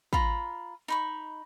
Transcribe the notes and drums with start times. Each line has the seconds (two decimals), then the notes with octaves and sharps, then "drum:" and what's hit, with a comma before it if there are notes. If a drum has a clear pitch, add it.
0.13 F4 A#5 B5, drum: kick
0.88 D#4 B5 C#6